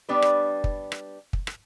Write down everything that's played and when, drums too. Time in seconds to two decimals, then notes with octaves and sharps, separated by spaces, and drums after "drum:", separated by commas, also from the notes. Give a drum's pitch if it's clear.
0.09 G3 B3 D4 B4
0.22 drum: rim click
0.64 drum: kick
0.92 drum: rim click
1.33 drum: kick
1.47 drum: rim click